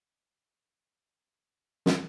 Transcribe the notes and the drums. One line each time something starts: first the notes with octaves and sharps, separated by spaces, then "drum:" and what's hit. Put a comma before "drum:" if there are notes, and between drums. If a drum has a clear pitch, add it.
B3 C5
drum: snare